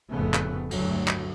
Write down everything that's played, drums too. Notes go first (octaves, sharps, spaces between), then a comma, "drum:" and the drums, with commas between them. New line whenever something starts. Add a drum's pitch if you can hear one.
F1 F2 A2 C#3 A3 B3
drum: clap
D2 G2 F#3 A3, drum: cymbal
drum: clap